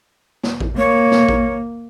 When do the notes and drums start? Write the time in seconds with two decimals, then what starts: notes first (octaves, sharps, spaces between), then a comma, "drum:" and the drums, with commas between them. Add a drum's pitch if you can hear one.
0.43 drum: snare
0.60 drum: kick A1
0.77 A#3 C#5
1.12 drum: snare
1.29 drum: kick A1